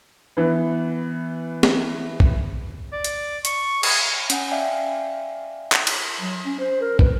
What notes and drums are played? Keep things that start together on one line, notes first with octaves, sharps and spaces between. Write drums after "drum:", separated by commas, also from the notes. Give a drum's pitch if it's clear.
E3 B3
drum: snare
drum: kick
D5
drum: hi-hat
C#6, drum: hi-hat
G#4, drum: cymbal
C#4 F#5 G#5, drum: hi-hat
D5 E5 F5 G5 G#5
drum: clap
drum: cymbal
F#3
C#4
C5
A#4
B4, drum: kick